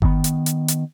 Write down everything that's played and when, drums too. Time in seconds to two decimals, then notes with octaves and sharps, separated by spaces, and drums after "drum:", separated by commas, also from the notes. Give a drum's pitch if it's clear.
0.02 D#3 B3, drum: kick G1
0.24 drum: hi-hat
0.46 drum: hi-hat
0.68 drum: hi-hat